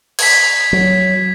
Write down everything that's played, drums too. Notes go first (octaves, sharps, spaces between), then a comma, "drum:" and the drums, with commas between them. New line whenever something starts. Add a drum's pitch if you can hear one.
G#6 B6, drum: cymbal
F#3